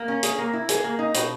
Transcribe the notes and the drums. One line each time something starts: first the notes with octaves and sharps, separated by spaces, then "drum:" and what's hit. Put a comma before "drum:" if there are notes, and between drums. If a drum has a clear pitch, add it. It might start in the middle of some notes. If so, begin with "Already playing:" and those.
Already playing: A#3
C#4
G#4, drum: hi-hat
A#3
E4
G#4, drum: hi-hat
A#3
D#4
B2, drum: hi-hat